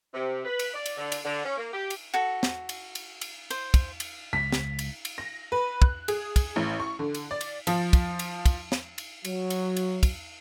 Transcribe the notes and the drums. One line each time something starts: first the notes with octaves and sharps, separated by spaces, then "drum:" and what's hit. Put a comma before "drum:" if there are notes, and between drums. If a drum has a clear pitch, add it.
C3
B4
drum: cymbal
D5
drum: cymbal
D3
drum: cymbal
D3
C#4
A#3
G4
drum: cymbal
F#4 A4
drum: snare
drum: cymbal
drum: cymbal
drum: cymbal
C5, drum: cymbal
drum: kick, cymbal
drum: cymbal
C#2 B6
drum: snare
drum: cymbal
drum: cymbal
A#6
B4
F#6, drum: kick
G#4, drum: cymbal
drum: kick, cymbal
A1
C#6
D3
drum: cymbal
D5
drum: cymbal
F3, drum: cymbal
drum: kick, cymbal
drum: cymbal
drum: kick, cymbal
drum: snare
drum: cymbal
F#3, drum: cymbal
drum: cymbal
drum: cymbal
drum: kick, cymbal